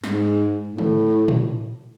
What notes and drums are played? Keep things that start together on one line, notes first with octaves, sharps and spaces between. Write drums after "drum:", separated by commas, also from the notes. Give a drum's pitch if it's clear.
G#2, drum: snare
A2
drum: tom
drum: tom A2